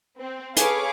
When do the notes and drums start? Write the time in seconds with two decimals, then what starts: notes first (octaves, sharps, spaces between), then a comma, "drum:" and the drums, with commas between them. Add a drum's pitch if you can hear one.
0.19 C4
0.57 G#4 A4 B4 C#5 F5 D6, drum: hi-hat